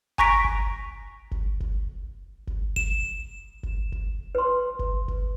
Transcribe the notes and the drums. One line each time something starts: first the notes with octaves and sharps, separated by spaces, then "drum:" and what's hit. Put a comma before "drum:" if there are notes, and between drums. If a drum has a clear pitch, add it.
G#5 A#5 C#6 A#6 B6 D7, drum: kick F#1
drum: kick F#1
drum: kick F#1
drum: kick F#1
drum: kick F#1
E7, drum: kick F#1
drum: kick F#1
drum: kick F#1
B4 C6
drum: kick F#1
drum: kick F#1